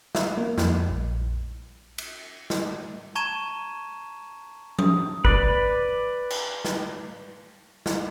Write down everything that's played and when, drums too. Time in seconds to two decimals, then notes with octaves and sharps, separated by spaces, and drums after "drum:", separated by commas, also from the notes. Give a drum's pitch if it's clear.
0.15 E5, drum: snare
0.37 A#3
0.58 F2, drum: snare
0.89 A#1
1.98 drum: cymbal
2.50 drum: snare
3.15 A5 A#5 C#6 G#6 D#7 E7
4.79 D#6, drum: tom F3
5.25 B4 D5, drum: kick
6.30 drum: cymbal
6.65 drum: snare
7.86 drum: snare